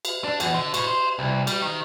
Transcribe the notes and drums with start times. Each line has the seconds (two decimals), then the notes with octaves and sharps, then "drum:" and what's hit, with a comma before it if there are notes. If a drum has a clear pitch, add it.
0.05 drum: cymbal
0.24 D4
0.40 E2, drum: cymbal
0.54 D3
0.74 A2, drum: cymbal
0.87 C5
1.19 C2
1.47 G3, drum: cymbal
1.62 D#3